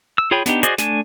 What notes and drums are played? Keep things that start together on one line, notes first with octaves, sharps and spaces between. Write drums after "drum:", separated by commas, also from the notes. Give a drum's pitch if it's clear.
E6
F4 G#4 C#5 G5 B5
B3 D4 D#4 G4, drum: snare
F#4 G#4 C5 D5 D#5, drum: hi-hat
A3 D4 G#5, drum: snare